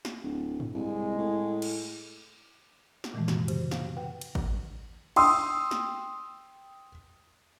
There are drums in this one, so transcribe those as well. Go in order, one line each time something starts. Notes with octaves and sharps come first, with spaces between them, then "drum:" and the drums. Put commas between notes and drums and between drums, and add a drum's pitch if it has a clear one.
drum: snare
D1
drum: tom G2
C2 G#3
A2
drum: cymbal
drum: snare
A#2 D#3 E3 G#3 A3
F#2 C3 F#4, drum: snare
C#3 G4 C5, drum: cymbal
F5, drum: snare
B4 F#5 G5
drum: cymbal
drum: kick G#1
G5 C6 D#6 E6, drum: cymbal
drum: snare